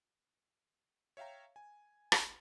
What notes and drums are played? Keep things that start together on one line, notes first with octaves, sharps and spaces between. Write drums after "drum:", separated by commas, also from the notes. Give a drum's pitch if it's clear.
C#5 E5 F5 G5 A#5
G#5
drum: rim click